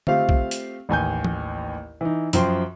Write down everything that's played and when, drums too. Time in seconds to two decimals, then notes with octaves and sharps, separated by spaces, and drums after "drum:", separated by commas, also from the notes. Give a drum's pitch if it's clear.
0.07 A3 C4 F4 G4 F5, drum: tom D3
0.29 drum: kick B1
0.51 drum: hi-hat
0.89 A1 D#2 G#5 G6
1.24 drum: tom E3
2.01 E3 D#4
2.33 F#2 F3 G5 C6, drum: hi-hat